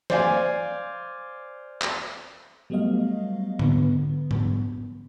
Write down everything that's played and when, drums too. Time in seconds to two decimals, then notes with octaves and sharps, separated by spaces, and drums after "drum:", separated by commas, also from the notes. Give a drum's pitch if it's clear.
0.10 C5 D5 F5 G#5, drum: snare
1.81 drum: clap
2.70 F#3 G3 A3 B3 D#5 F5
3.59 D3 B3, drum: tom G#2
4.31 drum: tom G#2